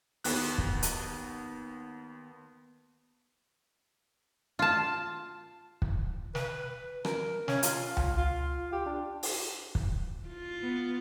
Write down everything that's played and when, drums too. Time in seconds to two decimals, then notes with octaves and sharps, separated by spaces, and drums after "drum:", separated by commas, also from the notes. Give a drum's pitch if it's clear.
0.24 D#2 B3 F#6, drum: open hi-hat
0.58 drum: kick
0.83 drum: hi-hat
4.59 F4 A5
5.82 drum: kick
6.35 B4, drum: snare
7.05 A#4, drum: rim click
7.48 C#4, drum: snare
7.63 F4, drum: hi-hat
7.97 drum: tom C#2
8.17 F4
8.73 G4
8.86 D4
9.23 drum: open hi-hat
9.75 drum: kick
10.28 F4
10.61 B3